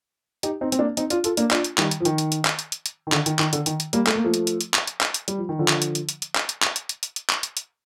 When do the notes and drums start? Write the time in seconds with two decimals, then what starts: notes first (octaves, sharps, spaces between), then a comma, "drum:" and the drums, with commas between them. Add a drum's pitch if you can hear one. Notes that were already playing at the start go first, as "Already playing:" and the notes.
0.43 D#4 G4, drum: hi-hat
0.61 C4 D#4
0.72 C4, drum: hi-hat
0.79 A#3 D4
0.97 C4 D#4, drum: hi-hat
1.10 D4 F4, drum: hi-hat
1.24 F4 A4, drum: hi-hat
1.37 A#3 D4, drum: hi-hat
1.51 D4 F4, drum: clap
1.64 drum: hi-hat
1.78 D#3 G3, drum: clap
1.91 drum: hi-hat
2.00 F3
2.05 D#3, drum: hi-hat
2.18 drum: hi-hat
2.32 drum: hi-hat
2.45 drum: clap
2.59 drum: hi-hat
2.72 drum: hi-hat
2.86 drum: hi-hat
3.07 D#3
3.12 D3, drum: clap
3.26 D#3, drum: hi-hat
3.39 D#3, drum: clap
3.53 D3, drum: hi-hat
3.66 D#3, drum: hi-hat
3.80 drum: hi-hat
3.93 G3 A#3, drum: hi-hat
4.07 A3, drum: clap
4.16 A#3
4.24 F3 A3
4.34 drum: hi-hat
4.47 drum: hi-hat
4.61 drum: hi-hat
4.74 drum: clap
4.87 drum: hi-hat
5.01 drum: clap
5.14 drum: hi-hat
5.28 G3, drum: hi-hat
5.38 F3
5.49 D#3
5.59 D3 F3
5.68 drum: clap
5.82 drum: hi-hat
5.95 drum: hi-hat
6.09 drum: hi-hat
6.22 drum: hi-hat
6.36 drum: clap
6.49 drum: hi-hat
6.62 drum: clap
6.76 drum: hi-hat
6.89 drum: hi-hat
7.03 drum: hi-hat
7.16 drum: hi-hat
7.30 drum: clap
7.43 drum: hi-hat
7.57 drum: hi-hat